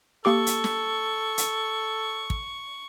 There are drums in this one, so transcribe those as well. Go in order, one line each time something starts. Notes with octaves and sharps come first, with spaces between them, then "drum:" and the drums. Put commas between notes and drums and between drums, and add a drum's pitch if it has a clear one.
A#3 G4 A4 C#6 D6
drum: hi-hat
drum: snare
drum: hi-hat
drum: kick